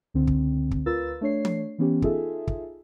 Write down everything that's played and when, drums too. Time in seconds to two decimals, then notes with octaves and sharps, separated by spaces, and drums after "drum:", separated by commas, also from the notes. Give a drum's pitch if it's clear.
0.14 C#2 D3 C4
0.27 drum: kick
0.71 drum: kick
0.86 D2 F4 A#4 B4 E6 A6
1.21 A3 D4 C#5 C7
1.45 drum: tom E3
1.78 E3 B3 C#4 G4
2.02 D#4 F4 G#4 A4 E5, drum: kick
2.47 drum: kick